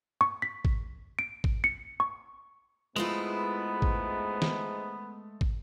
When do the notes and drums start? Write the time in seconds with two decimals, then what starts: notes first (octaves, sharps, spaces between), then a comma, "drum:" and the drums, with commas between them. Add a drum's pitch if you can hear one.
0.21 C#6
0.42 B6
0.65 drum: kick
1.19 D7
1.44 drum: kick
1.64 C#7
2.00 C#6
2.96 G#2 G#3 A3 B3 E4 F4 B4
3.82 drum: kick
4.42 drum: snare
5.41 drum: kick